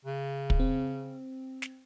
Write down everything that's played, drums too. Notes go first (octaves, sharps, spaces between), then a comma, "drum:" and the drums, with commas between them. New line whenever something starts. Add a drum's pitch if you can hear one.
C#3
drum: kick
C4
drum: snare